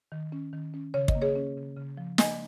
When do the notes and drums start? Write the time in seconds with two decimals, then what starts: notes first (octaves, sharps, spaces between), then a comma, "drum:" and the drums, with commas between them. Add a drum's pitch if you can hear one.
0.12 D#3
0.32 C#4
0.53 D#3
0.74 C#4
0.94 C#3 C#5
1.08 D#5, drum: kick
1.15 A#3
1.22 G#4 C#5
1.36 C#4
1.57 C#3
1.77 C#3
1.97 F3
2.18 A#3 D#5 G#5, drum: snare